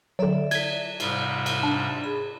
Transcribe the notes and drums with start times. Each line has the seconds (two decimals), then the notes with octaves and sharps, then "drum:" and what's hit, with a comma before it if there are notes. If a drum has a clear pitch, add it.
0.19 D3 F#3 A4 D5 E5
0.51 G#6 B6, drum: cymbal
1.00 G#2 C3 G3 C5 F5, drum: cymbal
1.46 drum: cymbal
1.63 D4
2.04 G#4 B5